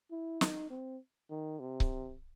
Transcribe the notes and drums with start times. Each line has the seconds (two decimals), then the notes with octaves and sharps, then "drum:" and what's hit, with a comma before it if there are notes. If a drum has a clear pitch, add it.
0.11 E4
0.41 D#4, drum: snare
0.70 C4
1.30 D#3
1.60 C3
1.80 drum: kick C#1